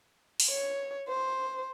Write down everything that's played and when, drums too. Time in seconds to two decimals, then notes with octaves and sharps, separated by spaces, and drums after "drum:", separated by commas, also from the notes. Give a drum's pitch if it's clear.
0.40 drum: open hi-hat
0.49 C#5
1.08 C5